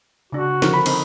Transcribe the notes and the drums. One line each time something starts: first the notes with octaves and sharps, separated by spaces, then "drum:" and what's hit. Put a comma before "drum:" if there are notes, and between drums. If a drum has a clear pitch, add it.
C#3 D4 F#4
D3 F3 A#4, drum: snare
B5
C4 D#4 A4, drum: cymbal